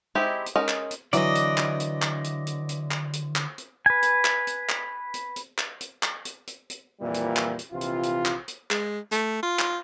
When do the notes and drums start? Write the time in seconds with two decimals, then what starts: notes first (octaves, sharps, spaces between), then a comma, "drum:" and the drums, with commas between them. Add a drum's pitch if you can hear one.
0.15 G#3 C4 D#4 E4 G4
0.46 drum: hi-hat
0.56 G#3 C#4 D#4 A#4 D#5
0.69 drum: clap
0.91 drum: hi-hat
1.13 D3 E3 F#3 D5 D#5, drum: hi-hat
1.35 drum: hi-hat
1.58 drum: clap
1.80 drum: hi-hat
2.02 drum: clap
2.24 drum: hi-hat
2.47 drum: hi-hat
2.69 drum: hi-hat
2.91 drum: clap
3.13 drum: hi-hat
3.36 drum: clap
3.58 drum: hi-hat
3.86 B4 G#5
4.03 drum: hi-hat
4.25 drum: clap
4.47 drum: hi-hat
4.69 drum: clap
5.14 drum: hi-hat
5.36 drum: hi-hat
5.58 drum: clap
5.81 drum: hi-hat
6.03 drum: clap
6.25 drum: hi-hat
6.47 drum: hi-hat
6.70 drum: hi-hat
7.01 F2 A#2 E3 G3 A#3 E4
7.14 drum: hi-hat
7.37 drum: clap
7.59 drum: hi-hat
7.72 A#1 C3 E3 F4
7.81 drum: hi-hat
8.03 drum: hi-hat
8.26 drum: clap
8.48 drum: hi-hat
8.71 G#3, drum: clap
9.12 A3, drum: hi-hat
9.43 F4
9.59 drum: clap